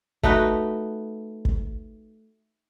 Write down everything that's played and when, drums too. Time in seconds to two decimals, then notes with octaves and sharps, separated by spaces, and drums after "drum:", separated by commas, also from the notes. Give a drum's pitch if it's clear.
0.23 A3 D#4 F#4 B4, drum: kick
1.45 drum: kick